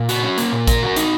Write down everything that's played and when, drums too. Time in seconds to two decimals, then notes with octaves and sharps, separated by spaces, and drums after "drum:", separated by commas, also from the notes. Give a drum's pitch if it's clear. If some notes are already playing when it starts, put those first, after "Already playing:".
Already playing: A#2
0.09 F#4, drum: hi-hat
0.23 C#4
0.38 A#3, drum: hi-hat
0.52 A#2
0.67 A#4, drum: kick A1, hi-hat
0.82 F#4
0.96 D#4, drum: hi-hat